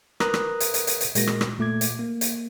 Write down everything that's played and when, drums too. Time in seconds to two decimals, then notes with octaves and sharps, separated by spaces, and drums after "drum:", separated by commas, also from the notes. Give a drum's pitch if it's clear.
0.20 A#4 B4 A#5 D#6 F#6, drum: rim click
0.34 drum: rim click
0.60 drum: hi-hat
0.74 drum: hi-hat
0.87 drum: hi-hat
1.01 drum: hi-hat
1.15 A#2 G#3 F#4 A#4 A#6, drum: hi-hat
1.27 drum: rim click
1.41 drum: rim click
1.59 A#2 A3 D6 G#6
1.81 drum: hi-hat
1.99 A#3
2.21 drum: hi-hat